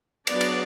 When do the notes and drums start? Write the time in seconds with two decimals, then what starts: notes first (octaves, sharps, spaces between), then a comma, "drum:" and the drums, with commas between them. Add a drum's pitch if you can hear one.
0.27 F#3 B3 D4 D5, drum: cymbal
0.41 drum: cymbal